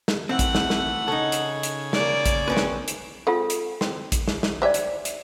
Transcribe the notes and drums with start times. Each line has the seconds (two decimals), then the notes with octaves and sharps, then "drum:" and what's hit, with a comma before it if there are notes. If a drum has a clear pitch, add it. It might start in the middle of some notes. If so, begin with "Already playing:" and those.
0.08 drum: snare
0.29 E3 A3 C4 F#5
0.39 drum: kick A#1, hi-hat
0.55 drum: snare
0.70 drum: snare
1.08 C#3 D#4 A4 C#5
1.32 drum: hi-hat
1.63 drum: hi-hat
1.93 A#3 D5, drum: snare
2.26 drum: kick A#1, hi-hat
2.48 C4 C#4 B4
2.57 drum: snare
2.88 drum: hi-hat
3.27 G#3 C4 F4 A4 F#5
3.50 drum: hi-hat
3.81 C4, drum: snare
4.12 drum: kick A#1, hi-hat
4.28 drum: snare
4.43 drum: snare
4.62 G4 C5 D5 E5 G#5
4.74 drum: hi-hat
5.05 drum: hi-hat